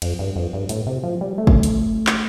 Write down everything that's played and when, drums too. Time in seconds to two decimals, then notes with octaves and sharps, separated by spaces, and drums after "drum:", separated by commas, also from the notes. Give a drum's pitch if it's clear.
0.02 F2, drum: cymbal
0.19 G2
0.36 F2
0.53 G2
0.69 A2, drum: hi-hat
0.87 C3
1.03 F3
1.21 G3
1.38 A3
1.47 drum: kick
1.63 drum: hi-hat
2.07 drum: clap